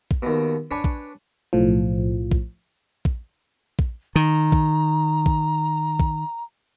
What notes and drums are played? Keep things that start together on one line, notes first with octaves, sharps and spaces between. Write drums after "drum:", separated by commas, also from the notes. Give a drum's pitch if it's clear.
drum: kick A#1
D#2 B2
D4 B4 C#5 G#5
drum: kick A#1
B1 A2 F3
drum: kick A#1
drum: kick A#1
drum: kick A#1
D#3 A#5
drum: kick A#1
drum: kick A#1
drum: kick A#1